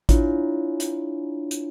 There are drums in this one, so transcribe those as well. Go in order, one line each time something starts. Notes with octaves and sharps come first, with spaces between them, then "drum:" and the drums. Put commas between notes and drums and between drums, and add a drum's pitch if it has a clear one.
D4 E4 F4 C#5, drum: kick A1, hi-hat
drum: hi-hat
drum: hi-hat